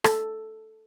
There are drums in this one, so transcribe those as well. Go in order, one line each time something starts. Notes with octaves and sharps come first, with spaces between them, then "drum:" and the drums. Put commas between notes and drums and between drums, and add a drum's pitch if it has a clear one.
A4, drum: rim click